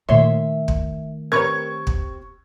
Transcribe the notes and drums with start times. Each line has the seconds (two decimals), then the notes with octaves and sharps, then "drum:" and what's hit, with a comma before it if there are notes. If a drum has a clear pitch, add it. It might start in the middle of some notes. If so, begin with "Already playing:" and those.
0.09 A#2 D#3 A3 C#5 E5 C6
0.68 drum: kick
1.32 C4 G4 A#4 B4 C#5 C#6 G#6
1.87 drum: kick